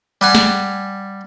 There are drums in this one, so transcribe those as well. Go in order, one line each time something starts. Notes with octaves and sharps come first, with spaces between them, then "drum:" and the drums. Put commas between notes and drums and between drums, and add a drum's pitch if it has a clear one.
G3 F#5 G#5
drum: snare